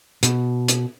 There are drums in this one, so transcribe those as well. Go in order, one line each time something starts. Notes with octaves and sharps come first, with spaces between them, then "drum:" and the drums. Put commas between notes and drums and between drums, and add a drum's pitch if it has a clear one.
B2, drum: hi-hat
drum: hi-hat